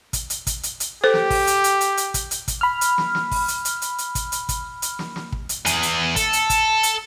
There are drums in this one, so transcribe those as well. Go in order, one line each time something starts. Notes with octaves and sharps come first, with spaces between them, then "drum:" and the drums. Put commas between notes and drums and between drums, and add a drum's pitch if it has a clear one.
drum: kick, hi-hat
drum: hi-hat
drum: kick, hi-hat
drum: hi-hat
drum: hi-hat
G4 A4 C5
drum: snare
drum: kick, open hi-hat
drum: hi-hat
drum: hi-hat
drum: hi-hat
drum: hi-hat
drum: kick, hi-hat
drum: hi-hat
drum: kick, hi-hat
B5 F6
drum: hi-hat
drum: snare
drum: snare
drum: kick, open hi-hat
drum: hi-hat
drum: hi-hat
drum: hi-hat
drum: hi-hat
drum: kick, hi-hat
drum: hi-hat
drum: kick, hi-hat
drum: hi-hat
drum: snare
drum: snare
drum: kick
drum: hi-hat
E2 G#4, drum: hi-hat
drum: hi-hat
A4, drum: kick, hi-hat
drum: hi-hat
drum: kick, hi-hat
drum: hi-hat